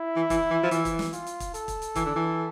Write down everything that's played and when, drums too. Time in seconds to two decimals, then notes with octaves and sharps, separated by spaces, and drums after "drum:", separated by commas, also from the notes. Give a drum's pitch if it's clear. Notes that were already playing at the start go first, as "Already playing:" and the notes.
Already playing: E4
0.16 E3
0.30 E3, drum: kick, hi-hat
0.50 E3
0.63 F3
0.71 E3, drum: hi-hat
0.85 drum: kick, hi-hat
0.99 drum: snare
1.13 F4, drum: hi-hat
1.27 drum: hi-hat
1.40 drum: kick, hi-hat
1.54 A4, drum: hi-hat
1.68 drum: kick, hi-hat
1.82 drum: hi-hat
1.95 E3, drum: kick, hi-hat
2.05 D3
2.16 E3